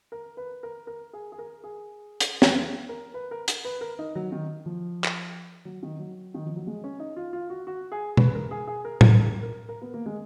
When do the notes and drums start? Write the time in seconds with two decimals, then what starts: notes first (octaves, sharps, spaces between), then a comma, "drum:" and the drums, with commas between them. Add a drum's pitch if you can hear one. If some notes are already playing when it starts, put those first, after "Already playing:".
0.12 A#4
0.37 B4
0.63 A#4
0.87 A#4
1.13 G#4
1.32 G#4
1.38 A#4
1.64 G#4
2.20 drum: hi-hat
2.42 drum: snare
2.89 A#4
3.14 B4
3.31 A#4
3.48 drum: hi-hat
3.65 B4
3.81 A#4
3.99 D#4
4.15 F#3
4.32 D#3
4.66 F3
5.04 drum: clap
5.65 F#3
5.83 D#3
5.99 F#3
6.34 D#3
6.46 F3
6.56 F#3
6.67 G#3
6.84 C#4
6.99 D#4
7.16 F4
7.33 F4
7.50 F#4
7.67 F#4
7.92 G#4
8.17 B4, drum: tom B2
8.35 A#4
8.51 G#4
8.67 G#4
8.85 A#4
9.01 A#4, drum: tom A2
9.19 A#4
9.43 A#4
9.69 A#4
9.81 B3
9.94 A#3
10.06 G#3